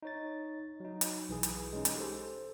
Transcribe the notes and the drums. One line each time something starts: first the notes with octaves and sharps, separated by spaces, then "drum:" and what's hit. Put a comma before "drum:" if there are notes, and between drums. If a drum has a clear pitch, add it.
D#4 C#5 A6
F#3 D#4
drum: hi-hat
B1 E3 G#4
drum: hi-hat
G#3 C#4 D#4
drum: hi-hat
G4 A4 C5